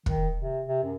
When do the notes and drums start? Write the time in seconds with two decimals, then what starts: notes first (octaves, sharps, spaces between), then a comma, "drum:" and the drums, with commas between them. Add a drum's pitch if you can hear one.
0.06 D#3, drum: kick
0.40 C3
0.67 C3
0.83 F#2